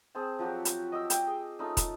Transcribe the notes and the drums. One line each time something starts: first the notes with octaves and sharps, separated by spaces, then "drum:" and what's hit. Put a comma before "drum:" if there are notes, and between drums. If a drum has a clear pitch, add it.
C4 G#4 C5 A5
F3 F#3 F#4 G4
drum: hi-hat
D#5 D6 E6
G5, drum: hi-hat
G#4
A3 C#4 D#4 F4
drum: kick, hi-hat